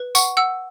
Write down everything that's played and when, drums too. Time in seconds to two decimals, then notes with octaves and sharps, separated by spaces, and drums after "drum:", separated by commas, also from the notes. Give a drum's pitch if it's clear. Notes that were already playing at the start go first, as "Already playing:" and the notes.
Already playing: B4
0.15 F#5 C#6, drum: tambourine
0.37 F#5 E6